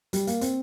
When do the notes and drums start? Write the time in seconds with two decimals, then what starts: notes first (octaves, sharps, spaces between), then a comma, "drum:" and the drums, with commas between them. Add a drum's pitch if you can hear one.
0.13 G3, drum: hi-hat
0.27 A#3, drum: hi-hat
0.41 C4, drum: hi-hat